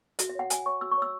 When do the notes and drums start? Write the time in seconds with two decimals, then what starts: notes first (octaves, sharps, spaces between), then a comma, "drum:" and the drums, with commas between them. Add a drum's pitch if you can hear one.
0.19 F#4 E5, drum: hi-hat
0.29 E5
0.35 C#5 F#5
0.50 F#4 G#5, drum: hi-hat
0.66 C#5 C#6
0.81 F#4 E6
0.91 C#6
0.98 C#5 E6